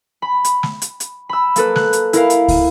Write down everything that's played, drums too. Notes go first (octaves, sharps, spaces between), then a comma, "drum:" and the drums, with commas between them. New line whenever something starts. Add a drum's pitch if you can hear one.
B5
drum: hi-hat
drum: snare
drum: hi-hat
drum: hi-hat
B5 E6
A#3 A4 B4, drum: hi-hat
F#6, drum: snare
drum: hi-hat
E4 A#4 F5, drum: hi-hat
drum: hi-hat
drum: kick, open hi-hat